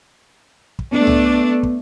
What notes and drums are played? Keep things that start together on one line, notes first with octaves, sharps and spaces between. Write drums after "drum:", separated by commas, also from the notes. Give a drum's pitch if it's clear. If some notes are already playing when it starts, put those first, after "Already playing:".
drum: kick
A3 B3 D4
drum: tom C2
drum: kick